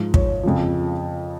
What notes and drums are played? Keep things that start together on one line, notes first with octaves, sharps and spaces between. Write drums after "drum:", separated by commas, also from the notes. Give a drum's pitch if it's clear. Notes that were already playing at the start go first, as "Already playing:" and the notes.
Already playing: G#2 F3
C#5, drum: kick
F2 C#3 F3